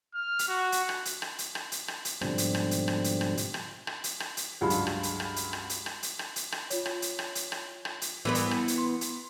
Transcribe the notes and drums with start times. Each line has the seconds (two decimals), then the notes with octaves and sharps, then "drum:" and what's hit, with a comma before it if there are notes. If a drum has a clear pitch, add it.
0.15 F6
0.39 drum: hi-hat
0.48 F#4
0.72 drum: hi-hat
0.89 drum: rim click
1.05 drum: hi-hat
1.22 drum: rim click
1.38 drum: hi-hat
1.55 drum: rim click
1.72 drum: hi-hat
1.88 drum: rim click
2.05 drum: hi-hat
2.21 G#2 B2 D3 F3 G3 C4, drum: rim click
2.38 drum: hi-hat
2.55 drum: rim click
2.71 drum: hi-hat
2.88 drum: rim click
3.04 drum: hi-hat
3.21 drum: rim click
3.37 drum: hi-hat
3.54 drum: rim click
3.87 drum: rim click
4.04 drum: hi-hat
4.20 drum: rim click
4.37 drum: hi-hat
4.61 C#2 G2 F#3 F4 B5
4.70 drum: hi-hat
4.87 drum: rim click
5.03 drum: hi-hat
5.20 drum: rim click
5.36 drum: hi-hat
5.53 drum: rim click
5.69 drum: hi-hat
5.86 drum: rim click
6.03 drum: hi-hat
6.19 drum: rim click
6.36 drum: hi-hat
6.52 drum: rim click
6.70 F4 C#5, drum: hi-hat
6.86 drum: rim click
7.02 drum: hi-hat
7.19 drum: rim click
7.35 drum: hi-hat
7.52 drum: rim click
7.85 drum: rim click
8.02 drum: hi-hat
8.25 E3 B3 B4
8.35 drum: hi-hat
8.51 drum: rim click
8.68 drum: hi-hat
8.78 C6
9.01 drum: hi-hat